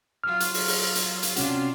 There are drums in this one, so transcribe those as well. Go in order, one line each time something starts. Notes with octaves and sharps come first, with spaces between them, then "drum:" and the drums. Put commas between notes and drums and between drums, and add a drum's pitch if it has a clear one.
F#3 F4 F6
drum: hi-hat
drum: open hi-hat
drum: open hi-hat
drum: hi-hat
drum: hi-hat
C3 C#4 D4 F4 F#4, drum: hi-hat